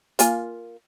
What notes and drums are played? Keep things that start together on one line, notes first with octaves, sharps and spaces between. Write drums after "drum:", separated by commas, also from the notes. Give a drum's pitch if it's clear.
A#3 F4 G#5, drum: hi-hat